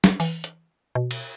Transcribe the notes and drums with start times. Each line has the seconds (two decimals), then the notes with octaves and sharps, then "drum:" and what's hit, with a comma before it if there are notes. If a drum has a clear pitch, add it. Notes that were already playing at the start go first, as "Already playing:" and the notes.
0.04 drum: snare
0.20 E3, drum: open hi-hat
0.44 drum: hi-hat
0.95 B2
1.11 drum: cymbal